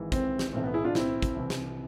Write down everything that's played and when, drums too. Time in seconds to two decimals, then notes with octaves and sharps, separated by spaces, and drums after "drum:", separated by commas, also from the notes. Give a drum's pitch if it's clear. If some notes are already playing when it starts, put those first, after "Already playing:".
Already playing: G#1 G#2 E3
0.12 C4, drum: kick, hi-hat
0.39 drum: snare
0.53 B1 A2 E3 C4
0.64 B3
0.74 E4 G#4
0.84 D4 F4
0.95 C4 E4, drum: snare
1.22 drum: kick, hi-hat
1.36 C2 C3 E3
1.50 drum: snare